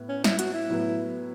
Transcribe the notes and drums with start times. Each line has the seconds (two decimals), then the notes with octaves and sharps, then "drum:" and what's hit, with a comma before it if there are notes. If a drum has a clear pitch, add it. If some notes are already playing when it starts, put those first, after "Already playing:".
Already playing: A2 B3
0.09 C#4
0.24 E4, drum: snare
0.39 F#4, drum: hi-hat
0.54 E4
0.69 A2 F#3 B3